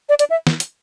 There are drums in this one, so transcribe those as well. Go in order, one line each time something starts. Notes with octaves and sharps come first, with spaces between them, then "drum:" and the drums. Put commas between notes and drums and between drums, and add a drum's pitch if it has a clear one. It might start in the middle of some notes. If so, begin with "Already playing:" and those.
D5
D5, drum: hi-hat
E5
drum: snare
drum: hi-hat